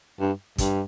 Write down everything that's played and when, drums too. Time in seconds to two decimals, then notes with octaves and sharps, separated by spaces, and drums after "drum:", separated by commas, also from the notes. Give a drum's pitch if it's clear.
0.20 G2
0.58 G2, drum: kick, hi-hat